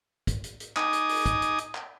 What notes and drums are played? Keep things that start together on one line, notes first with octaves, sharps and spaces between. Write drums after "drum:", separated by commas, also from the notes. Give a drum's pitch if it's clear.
drum: kick, hi-hat
drum: hi-hat
drum: hi-hat
D#4 D#5 G#5 D6 D#6, drum: clap
drum: hi-hat
drum: open hi-hat
drum: kick, hi-hat
drum: hi-hat
drum: hi-hat
drum: clap